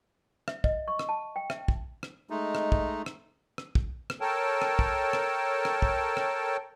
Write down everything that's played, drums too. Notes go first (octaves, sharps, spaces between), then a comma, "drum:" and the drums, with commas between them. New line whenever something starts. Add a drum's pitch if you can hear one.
E5, drum: rim click
D#5, drum: kick
C#6
drum: rim click
A5
G5
E5, drum: rim click
drum: kick
drum: rim click
G#3 A3 D#4
drum: rim click
drum: kick
drum: rim click
drum: rim click
drum: kick
drum: rim click
A4 A#4 C#5 G5 A5
drum: rim click
drum: kick
drum: rim click
drum: rim click
drum: kick
drum: rim click